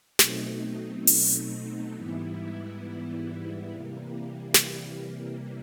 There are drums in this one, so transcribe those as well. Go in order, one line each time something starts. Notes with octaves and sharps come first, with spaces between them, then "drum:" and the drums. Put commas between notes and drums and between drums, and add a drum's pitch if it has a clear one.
B2 F#3 A3 C4 D#4, drum: snare
drum: open hi-hat
G#2 E3 G3 B3 E4
C3 E3 G3 A#3
drum: snare